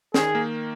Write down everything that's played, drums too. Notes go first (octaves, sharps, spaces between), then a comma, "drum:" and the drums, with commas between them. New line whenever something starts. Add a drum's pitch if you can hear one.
D#3 G#4, drum: snare
A#3